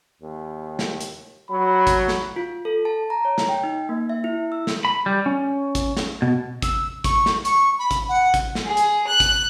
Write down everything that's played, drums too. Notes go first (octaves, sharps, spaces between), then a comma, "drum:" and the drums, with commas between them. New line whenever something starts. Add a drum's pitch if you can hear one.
D#2
drum: snare
drum: hi-hat
F#3 B5
drum: kick, hi-hat
drum: snare
F4
A4
A5
A#5
C#5
drum: snare
G5
D#4
A#3
E5
E4
E6
drum: snare
B5
G3
C#4
drum: kick, hi-hat
drum: snare
B2
E6, drum: kick, hi-hat
C#6, drum: kick, hi-hat
drum: snare
C#6, drum: hi-hat
B5
drum: kick, hi-hat
F#5
drum: kick, hi-hat
drum: snare
G#4
drum: hi-hat
F#6
drum: kick, hi-hat